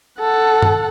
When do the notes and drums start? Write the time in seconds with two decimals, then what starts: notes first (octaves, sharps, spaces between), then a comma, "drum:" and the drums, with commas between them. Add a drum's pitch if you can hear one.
0.20 A4 F#5
0.62 drum: tom G2